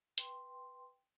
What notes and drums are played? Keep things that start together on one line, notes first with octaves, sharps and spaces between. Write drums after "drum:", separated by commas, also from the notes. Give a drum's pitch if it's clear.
B4 G5 C6, drum: hi-hat